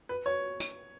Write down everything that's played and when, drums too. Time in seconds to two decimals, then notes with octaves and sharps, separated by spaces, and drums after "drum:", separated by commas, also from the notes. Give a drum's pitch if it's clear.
0.09 B4
0.26 C#5
0.60 drum: tambourine